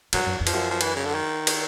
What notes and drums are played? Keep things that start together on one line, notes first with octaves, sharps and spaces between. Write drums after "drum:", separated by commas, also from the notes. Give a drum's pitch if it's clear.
G2 F#3, drum: cymbal
F#2
F2
F3, drum: cymbal
F#2
F3
E3, drum: cymbal
C#3
D3
D#3
drum: cymbal